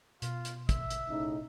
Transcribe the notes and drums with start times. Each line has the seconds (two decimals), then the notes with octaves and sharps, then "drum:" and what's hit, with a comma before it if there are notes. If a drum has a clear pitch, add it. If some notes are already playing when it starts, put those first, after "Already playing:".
0.22 B2 F4, drum: hi-hat
0.45 drum: hi-hat
0.69 E5, drum: kick, hi-hat
0.90 drum: hi-hat
1.08 A2 C#3 D#4